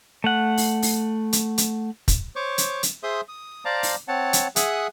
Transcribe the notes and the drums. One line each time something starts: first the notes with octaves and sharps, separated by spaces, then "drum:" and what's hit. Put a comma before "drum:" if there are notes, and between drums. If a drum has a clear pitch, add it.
A3 F#5
drum: open hi-hat
drum: open hi-hat
drum: hi-hat
drum: hi-hat
drum: kick, hi-hat
C5 C#5 C#6 D6
drum: hi-hat
drum: hi-hat
G#4 C5 E5 C6 D#6
D#6
C5 D5 F5 A5 A#5 D6
drum: open hi-hat
C4 C#5 F#5 A5
drum: hi-hat
G#4 E5 F#5 G#5 D#6 F#6, drum: hi-hat